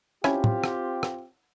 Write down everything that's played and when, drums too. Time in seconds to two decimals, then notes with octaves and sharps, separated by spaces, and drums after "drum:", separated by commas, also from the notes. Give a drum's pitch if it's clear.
0.24 C4 C#4 E4 F4 G4 C#5, drum: rim click
0.44 drum: tom
0.64 drum: rim click
1.03 drum: rim click